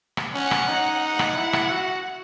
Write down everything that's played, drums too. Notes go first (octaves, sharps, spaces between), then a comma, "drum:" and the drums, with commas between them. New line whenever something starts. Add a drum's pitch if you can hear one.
drum: rim click
C#4 F#5
drum: rim click
D#4
F#5
drum: rim click
E4
drum: rim click
F#4